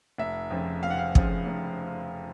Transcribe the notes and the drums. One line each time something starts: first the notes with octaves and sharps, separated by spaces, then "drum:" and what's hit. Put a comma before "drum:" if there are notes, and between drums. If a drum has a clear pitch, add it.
F1 E5
F2 C#3 F3
F1 F5
F#5
F5
F2 C#3 F3, drum: kick
F1